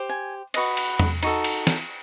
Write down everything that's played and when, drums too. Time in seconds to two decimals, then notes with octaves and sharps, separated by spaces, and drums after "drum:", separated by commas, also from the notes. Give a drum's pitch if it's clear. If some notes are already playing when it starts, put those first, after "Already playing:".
Already playing: G4 C5
0.09 G#5
0.54 F#4 B4 D#5, drum: cymbal
0.77 drum: cymbal
1.00 drum: tom E2
1.23 D#4 F#4 A4, drum: cymbal
1.44 drum: cymbal
1.67 drum: snare